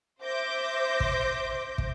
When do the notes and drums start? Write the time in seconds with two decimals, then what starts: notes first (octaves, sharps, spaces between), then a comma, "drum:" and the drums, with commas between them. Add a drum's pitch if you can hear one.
0.22 C5 E5 D6 G6 A#6
1.00 drum: kick
1.78 drum: kick